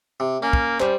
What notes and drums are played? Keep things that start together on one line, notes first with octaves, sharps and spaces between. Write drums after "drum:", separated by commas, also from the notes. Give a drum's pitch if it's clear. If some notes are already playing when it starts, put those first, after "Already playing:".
C3
A#3 C#4
drum: kick
G3 C5, drum: clap